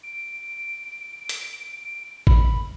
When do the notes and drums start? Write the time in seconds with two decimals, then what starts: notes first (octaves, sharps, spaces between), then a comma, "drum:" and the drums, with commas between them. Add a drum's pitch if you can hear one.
0.03 D7
1.29 drum: hi-hat
2.27 B5, drum: kick